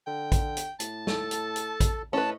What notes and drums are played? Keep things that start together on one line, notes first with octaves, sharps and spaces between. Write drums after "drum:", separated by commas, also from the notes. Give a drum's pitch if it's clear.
D3 G5
drum: kick, hi-hat
drum: hi-hat
A2 A5, drum: hi-hat
A4, drum: snare
drum: hi-hat
drum: hi-hat
drum: kick, hi-hat
A2 C#4 B4 D#5 A5